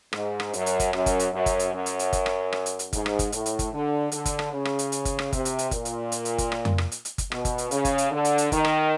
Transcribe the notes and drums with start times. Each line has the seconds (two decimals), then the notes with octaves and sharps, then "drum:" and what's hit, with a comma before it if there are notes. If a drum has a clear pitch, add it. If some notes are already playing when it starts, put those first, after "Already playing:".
0.13 G#2, drum: rim click
0.40 drum: rim click
0.53 F#2, drum: hi-hat
0.66 drum: hi-hat
0.80 drum: kick G1, hi-hat
0.93 F#2, drum: rim click
1.06 drum: kick G1, hi-hat
1.19 drum: hi-hat
1.32 F#2
1.46 drum: kick G1, hi-hat
1.59 drum: hi-hat
1.73 F#2
1.86 drum: hi-hat
1.99 drum: hi-hat
2.13 drum: kick G1, hi-hat
2.26 drum: rim click
2.53 drum: rim click
2.66 drum: hi-hat
2.79 drum: hi-hat
2.93 G#2, drum: kick G1, hi-hat
3.06 drum: rim click
3.19 drum: kick G1, hi-hat
3.32 A2, drum: hi-hat
3.46 drum: hi-hat
3.59 drum: kick G1, hi-hat
3.73 D3
4.12 D3, drum: hi-hat
4.25 drum: kick G1, hi-hat
4.39 drum: rim click
4.53 C#3
4.65 drum: rim click
4.79 drum: hi-hat
4.92 drum: hi-hat
5.05 drum: kick G1, hi-hat
5.19 drum: rim click
5.33 C3, drum: kick G1, hi-hat
5.45 drum: hi-hat
5.59 drum: hi-hat
5.71 A#2, drum: kick G1, hi-hat
5.85 drum: hi-hat
6.12 drum: hi-hat
6.25 drum: hi-hat
6.38 drum: kick G1, hi-hat
6.52 drum: rim click
6.65 drum: tom F2
6.78 drum: rim click
6.92 drum: hi-hat
7.05 drum: hi-hat
7.18 drum: kick G1, hi-hat
7.32 B2, drum: rim click
7.45 drum: kick G1, hi-hat
7.58 drum: hi-hat
7.71 C#3, drum: hi-hat
7.85 drum: kick G1, hi-hat
7.98 drum: hi-hat
8.11 D3
8.25 drum: hi-hat
8.38 drum: hi-hat
8.52 D#3, drum: kick G1, hi-hat
8.65 drum: rim click